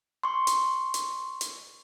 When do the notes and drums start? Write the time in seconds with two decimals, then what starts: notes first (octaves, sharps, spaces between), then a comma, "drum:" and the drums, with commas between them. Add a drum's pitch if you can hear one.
0.23 C6 C#6
0.47 drum: hi-hat
0.94 drum: hi-hat
1.41 drum: hi-hat